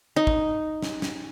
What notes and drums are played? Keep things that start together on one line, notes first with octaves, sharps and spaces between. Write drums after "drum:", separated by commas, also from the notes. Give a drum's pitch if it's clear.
D#4
drum: kick
drum: snare
drum: snare